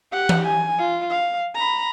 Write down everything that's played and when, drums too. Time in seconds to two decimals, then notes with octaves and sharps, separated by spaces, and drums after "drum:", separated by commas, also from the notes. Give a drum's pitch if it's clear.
0.12 G4 F#5
0.29 drum: tom E3
0.47 G#5
0.78 F4
1.10 F5
1.55 A#5 B5